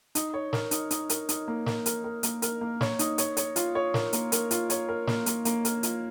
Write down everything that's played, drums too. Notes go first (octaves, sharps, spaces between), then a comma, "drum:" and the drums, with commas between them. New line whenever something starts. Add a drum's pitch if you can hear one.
D#4, drum: hi-hat
C#5
A#4, drum: snare
D#4, drum: hi-hat
D#4, drum: hi-hat
A#4, drum: hi-hat
D#4, drum: hi-hat
A#3
A#4, drum: snare
A#4, drum: hi-hat
A#4
A#3, drum: hi-hat
A#4, drum: hi-hat
A#3
C#5, drum: snare
D#4, drum: hi-hat
C#5, drum: hi-hat
C#5, drum: hi-hat
F4, drum: hi-hat
C#5
A#4, drum: snare
A#3, drum: hi-hat
A#4, drum: hi-hat
F4, drum: hi-hat
C#5, drum: hi-hat
A#4
A#3, drum: snare
A#3, drum: hi-hat
A#3, drum: hi-hat
A#4, drum: hi-hat
F4, drum: hi-hat